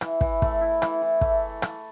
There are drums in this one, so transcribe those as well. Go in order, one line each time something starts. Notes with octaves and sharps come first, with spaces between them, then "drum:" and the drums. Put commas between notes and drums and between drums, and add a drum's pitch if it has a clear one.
E3, drum: rim click
E3, drum: kick
A3, drum: kick
E4
E3, drum: rim click
E3
A3, drum: kick
drum: rim click